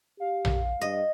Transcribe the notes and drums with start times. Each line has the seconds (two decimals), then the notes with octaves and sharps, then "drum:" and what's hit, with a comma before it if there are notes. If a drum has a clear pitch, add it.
0.20 G4 F5
0.45 drum: tom A#1
0.81 G2 D#5